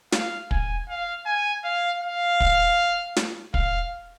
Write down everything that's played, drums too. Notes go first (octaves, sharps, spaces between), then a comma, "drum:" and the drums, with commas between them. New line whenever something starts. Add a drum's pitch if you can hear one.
F5, drum: snare
G#5, drum: kick
F5
G#5
F5
F5
drum: kick
drum: snare
F5, drum: kick